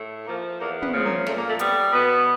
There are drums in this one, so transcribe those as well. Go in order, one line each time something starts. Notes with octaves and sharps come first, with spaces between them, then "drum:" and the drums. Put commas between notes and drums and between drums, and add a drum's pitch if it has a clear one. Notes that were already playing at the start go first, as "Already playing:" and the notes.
Already playing: A2
F3 A#3
E2 A#3
B3, drum: tom
C#3 F3
A#3
A#2 A3, drum: snare
A#3
A3
G3 B3, drum: hi-hat
B2 B3